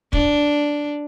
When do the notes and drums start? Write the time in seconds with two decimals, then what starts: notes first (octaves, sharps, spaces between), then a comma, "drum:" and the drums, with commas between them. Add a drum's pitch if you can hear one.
0.13 D4, drum: kick